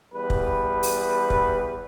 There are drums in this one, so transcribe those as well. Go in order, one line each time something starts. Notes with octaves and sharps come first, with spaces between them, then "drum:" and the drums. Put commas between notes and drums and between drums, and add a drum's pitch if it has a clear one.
E2 G3 B4
drum: kick
drum: open hi-hat
drum: kick